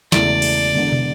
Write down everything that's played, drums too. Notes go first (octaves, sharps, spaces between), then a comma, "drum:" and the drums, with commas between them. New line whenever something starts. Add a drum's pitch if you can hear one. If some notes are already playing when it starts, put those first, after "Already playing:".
E1 E2 C#3 E3 A3 D5, drum: snare
drum: cymbal
E1 E2 D3
drum: tom